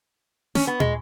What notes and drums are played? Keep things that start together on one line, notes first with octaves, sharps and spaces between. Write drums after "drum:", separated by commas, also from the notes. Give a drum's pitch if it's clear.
C#4, drum: snare
B3
G#3, drum: tom